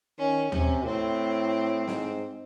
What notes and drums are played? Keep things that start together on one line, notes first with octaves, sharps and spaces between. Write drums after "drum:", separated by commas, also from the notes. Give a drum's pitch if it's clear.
D#3 C#4
C3 C#4, drum: tom D#2
A2 C4
G#2, drum: snare